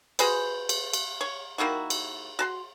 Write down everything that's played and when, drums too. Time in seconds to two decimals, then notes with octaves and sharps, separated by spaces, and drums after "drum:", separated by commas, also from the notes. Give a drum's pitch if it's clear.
0.19 F#4 G#4 B4 C5, drum: cymbal
0.69 drum: cymbal
0.93 drum: cymbal
1.21 C#5
1.58 D#3 A#3 E4 F#4
1.90 drum: cymbal
2.39 F#4 A5 C6